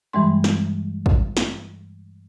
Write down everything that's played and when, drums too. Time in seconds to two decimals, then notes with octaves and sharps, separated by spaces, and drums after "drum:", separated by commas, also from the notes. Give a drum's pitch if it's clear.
0.13 G2 E3 G3 G#3 C6
0.44 drum: snare
1.06 drum: kick
1.37 drum: snare